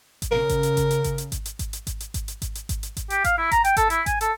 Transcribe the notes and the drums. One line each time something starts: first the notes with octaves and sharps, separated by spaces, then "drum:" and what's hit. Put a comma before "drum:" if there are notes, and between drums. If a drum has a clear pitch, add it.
drum: kick G#1, hi-hat
C#3 A#4
drum: kick G#1, hi-hat
drum: hi-hat
drum: kick G#1, hi-hat
drum: hi-hat
drum: kick G#1, hi-hat
drum: hi-hat
drum: kick G#1, hi-hat
drum: hi-hat
drum: kick G#1, hi-hat
drum: hi-hat
drum: kick G#1, hi-hat
drum: hi-hat
drum: kick G#1, hi-hat
drum: hi-hat
drum: kick G#1, hi-hat
drum: hi-hat
drum: kick G#1, hi-hat
drum: hi-hat
drum: kick G#1, hi-hat
G4, drum: hi-hat
F5, drum: kick G#1, hi-hat
E4
A#5, drum: kick G#1, hi-hat
G5, drum: hi-hat
A4, drum: kick G#1, hi-hat
E4, drum: hi-hat
G#5, drum: kick G#1, hi-hat
A4, drum: hi-hat